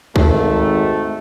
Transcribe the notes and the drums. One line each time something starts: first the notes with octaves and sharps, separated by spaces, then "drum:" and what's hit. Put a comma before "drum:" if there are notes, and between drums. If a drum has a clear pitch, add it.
G#1 A3, drum: kick